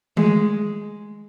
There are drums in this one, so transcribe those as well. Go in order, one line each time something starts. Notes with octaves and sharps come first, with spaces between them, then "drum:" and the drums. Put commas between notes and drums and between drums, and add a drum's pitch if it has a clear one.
G#3, drum: tom D#3